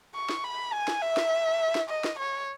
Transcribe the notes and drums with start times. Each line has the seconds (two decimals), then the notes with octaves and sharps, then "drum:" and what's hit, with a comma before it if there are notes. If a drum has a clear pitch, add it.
0.15 C#6
0.29 drum: snare
0.44 B5
0.73 G#5
0.88 drum: snare
1.02 E5
1.17 drum: snare
1.75 drum: snare
1.89 D#5
2.04 drum: snare
2.19 C#5